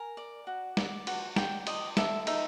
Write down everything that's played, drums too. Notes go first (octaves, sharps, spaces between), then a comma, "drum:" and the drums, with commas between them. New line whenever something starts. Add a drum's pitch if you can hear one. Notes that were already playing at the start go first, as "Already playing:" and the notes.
Already playing: A#4 G#5
D5
F#4
D5, drum: snare
F#4, drum: cymbal
D5 G5, drum: snare
D5 D#5, drum: cymbal
A4 E5, drum: snare
D#4 E5, drum: cymbal